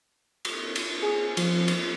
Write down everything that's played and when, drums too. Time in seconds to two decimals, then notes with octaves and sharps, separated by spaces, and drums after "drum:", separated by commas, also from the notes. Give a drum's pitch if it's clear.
0.45 drum: cymbal
0.75 drum: cymbal
1.02 G#4
1.37 F3, drum: cymbal
1.68 drum: cymbal